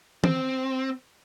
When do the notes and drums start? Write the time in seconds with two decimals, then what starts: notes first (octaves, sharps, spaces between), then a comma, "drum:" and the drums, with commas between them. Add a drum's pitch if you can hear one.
0.24 C4, drum: tom